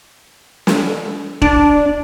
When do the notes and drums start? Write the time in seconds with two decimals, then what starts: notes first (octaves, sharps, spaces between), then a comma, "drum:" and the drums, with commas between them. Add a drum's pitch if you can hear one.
0.67 drum: snare
1.42 D4, drum: kick